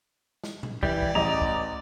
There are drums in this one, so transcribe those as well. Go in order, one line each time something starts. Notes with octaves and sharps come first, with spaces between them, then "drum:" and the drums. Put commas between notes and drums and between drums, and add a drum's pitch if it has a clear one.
drum: snare
drum: tom A#2
E3 G3 D5, drum: kick
drum: kick
A1 D#5 A#5
drum: kick